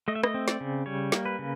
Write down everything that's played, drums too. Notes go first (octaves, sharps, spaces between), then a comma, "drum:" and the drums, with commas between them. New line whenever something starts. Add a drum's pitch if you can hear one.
A3 D#5
E5
D#5, drum: rim click
C4
D5, drum: snare
C#3
G3 C#5
A#3, drum: snare
B4
C#3